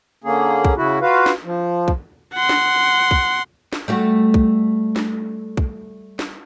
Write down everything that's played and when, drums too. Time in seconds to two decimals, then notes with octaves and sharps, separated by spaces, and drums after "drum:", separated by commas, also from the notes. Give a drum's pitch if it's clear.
0.24 D3 A#3 C#4 G#4
0.65 drum: kick
0.77 C#3 E4 F#4
1.02 F4 F#4 B4 F5
1.26 drum: snare
1.44 F3
1.88 drum: kick
2.34 F#5 C6
2.49 drum: snare
3.11 drum: kick
3.73 drum: snare
3.88 G3 A3 F#4
4.34 drum: kick
4.96 drum: snare
5.57 drum: kick
6.19 drum: snare